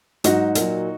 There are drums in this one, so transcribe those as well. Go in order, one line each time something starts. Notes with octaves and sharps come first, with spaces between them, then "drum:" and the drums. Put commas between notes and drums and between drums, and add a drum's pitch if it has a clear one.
G#2 F#3 D#4 F#4, drum: hi-hat
A#2 F#3, drum: hi-hat